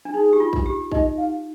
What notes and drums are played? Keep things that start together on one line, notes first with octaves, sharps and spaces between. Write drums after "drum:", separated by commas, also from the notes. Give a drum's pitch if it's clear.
D4
D#4 G#4
G4
F4
drum: kick A#1
G4
D#4 D#5, drum: kick A#1
F5